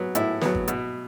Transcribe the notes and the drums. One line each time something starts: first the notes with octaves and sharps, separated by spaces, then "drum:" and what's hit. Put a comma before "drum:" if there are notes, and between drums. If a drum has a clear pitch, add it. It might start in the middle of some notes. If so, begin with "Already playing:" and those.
Already playing: F#3 B3
A2 E4, drum: hi-hat
F#3 B3, drum: snare
drum: kick
B2, drum: hi-hat